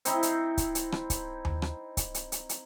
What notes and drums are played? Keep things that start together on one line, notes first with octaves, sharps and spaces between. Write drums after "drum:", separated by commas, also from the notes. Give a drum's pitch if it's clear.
C4 D#4 E4, drum: hi-hat
drum: hi-hat
drum: kick C#1, hi-hat
drum: hi-hat
drum: rim click
drum: kick C#1, hi-hat
drum: tom D#2
drum: rim click
drum: kick C#1, hi-hat
drum: hi-hat
drum: hi-hat
drum: hi-hat